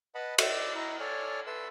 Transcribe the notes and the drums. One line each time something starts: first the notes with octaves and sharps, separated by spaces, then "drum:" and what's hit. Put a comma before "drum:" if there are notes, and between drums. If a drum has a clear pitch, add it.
B4 D#5 F#5 A5 B5
D5 D#5 D6 E6, drum: cymbal
E4 D#5 A#5
A4 C#5 D5 G#5 F6
A4 B4 E5 C6 E6